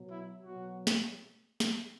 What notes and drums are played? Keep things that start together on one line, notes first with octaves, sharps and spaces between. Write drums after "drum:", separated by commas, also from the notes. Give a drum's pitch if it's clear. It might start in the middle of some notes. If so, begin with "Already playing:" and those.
Already playing: B2 F#3
E4
B2 F#3 F#4
drum: snare
drum: snare